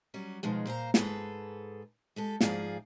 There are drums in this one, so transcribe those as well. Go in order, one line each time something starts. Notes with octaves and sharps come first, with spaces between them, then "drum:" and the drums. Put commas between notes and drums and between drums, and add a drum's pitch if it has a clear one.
F#3 G3 C#4
B2 D#3 F3 G#3
A#2 C5 F5 A#5
G#2 G#4 A4 B4, drum: snare
G#3 G4 A4
G#2 F3 F#4 G#4 D5 F5, drum: snare